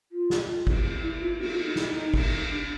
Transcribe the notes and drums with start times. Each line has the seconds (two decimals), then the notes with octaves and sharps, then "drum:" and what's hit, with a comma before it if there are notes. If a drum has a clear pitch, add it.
0.12 F4
0.30 drum: snare
0.67 drum: kick G#1, cymbal
1.03 E4
1.22 F4
1.40 F#4, drum: cymbal
1.52 F4
1.65 D#4
1.76 E4, drum: snare
1.87 D#4
2.14 drum: kick G#1, cymbal
2.50 D4